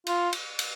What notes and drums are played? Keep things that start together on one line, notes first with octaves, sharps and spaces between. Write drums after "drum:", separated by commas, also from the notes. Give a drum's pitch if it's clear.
F4, drum: cymbal
drum: cymbal
drum: cymbal